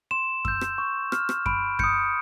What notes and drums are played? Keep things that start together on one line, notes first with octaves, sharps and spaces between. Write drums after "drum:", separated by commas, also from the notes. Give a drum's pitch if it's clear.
C6 E7
E6 G6, drum: kick F#2
drum: rim click
C#6
F6, drum: rim click
drum: rim click
B5 D7, drum: kick F#2
D#6 G6 C#7, drum: kick F#2